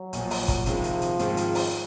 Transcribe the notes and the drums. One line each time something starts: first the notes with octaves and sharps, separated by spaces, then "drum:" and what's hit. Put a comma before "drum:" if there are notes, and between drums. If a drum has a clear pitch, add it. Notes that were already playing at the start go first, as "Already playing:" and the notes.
Already playing: F#3
A#1 A#2 F3, drum: hi-hat
drum: open hi-hat
drum: kick, hi-hat
C2 C3 D#3 F3 G#3, drum: hi-hat
drum: hi-hat
drum: hi-hat
G#2 D#3 G#3 C4 F4, drum: hi-hat
drum: hi-hat
drum: open hi-hat